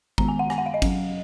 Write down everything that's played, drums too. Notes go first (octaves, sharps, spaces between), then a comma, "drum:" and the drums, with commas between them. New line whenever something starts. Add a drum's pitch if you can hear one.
D#3 G#3 B3 A#5, drum: kick
G#5
F#5
G#5, drum: rim click
F#5
F5
D#5
F#3 C#4, drum: kick, cymbal